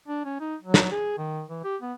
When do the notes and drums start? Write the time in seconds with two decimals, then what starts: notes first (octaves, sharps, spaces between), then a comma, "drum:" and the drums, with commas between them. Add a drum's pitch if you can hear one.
0.08 D4
0.25 C#4
0.40 D#4
0.61 F#3
0.74 drum: snare
0.92 G#4
1.18 D#3
1.49 E3
1.64 G4
1.82 B3